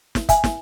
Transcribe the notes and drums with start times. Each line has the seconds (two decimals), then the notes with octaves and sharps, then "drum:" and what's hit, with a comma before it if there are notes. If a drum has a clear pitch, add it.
0.15 drum: snare
0.29 E5 G#5, drum: kick, hi-hat
0.44 drum: snare